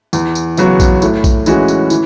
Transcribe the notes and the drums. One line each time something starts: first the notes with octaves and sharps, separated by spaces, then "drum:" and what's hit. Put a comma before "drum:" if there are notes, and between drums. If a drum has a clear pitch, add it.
E2, drum: tambourine
drum: tambourine
C#3 F#3 B3 F#4, drum: tambourine
drum: kick A#1, tambourine
A2, drum: tambourine
drum: kick A#1, tambourine
E3 G#3 C#4 F#4, drum: tambourine
drum: tambourine
E3, drum: tambourine